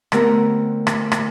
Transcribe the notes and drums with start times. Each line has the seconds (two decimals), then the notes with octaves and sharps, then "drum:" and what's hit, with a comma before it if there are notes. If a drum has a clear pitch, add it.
0.12 D3 A3 B3 C4 G4 A#4, drum: rim click
0.87 drum: rim click
1.12 drum: rim click